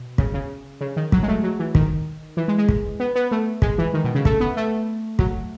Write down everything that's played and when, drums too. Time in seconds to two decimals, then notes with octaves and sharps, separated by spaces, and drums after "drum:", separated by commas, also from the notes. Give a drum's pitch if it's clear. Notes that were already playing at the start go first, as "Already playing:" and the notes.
Already playing: B2
0.18 C#3, drum: kick
0.34 C#3
0.81 C#3
0.96 D#3
1.12 F#3, drum: kick
1.23 G#3
1.28 A3
1.43 F#3
1.59 E3
1.75 D#3, drum: kick
2.37 E3
2.48 G#3
2.58 G#3
2.69 drum: kick
3.00 B3
3.15 B3
3.31 A3
3.62 G#3, drum: kick
3.78 E3
3.94 D#3
4.04 B2
4.15 C#3
4.25 A3, drum: kick
4.40 B3
4.57 A3
5.19 F#3, drum: kick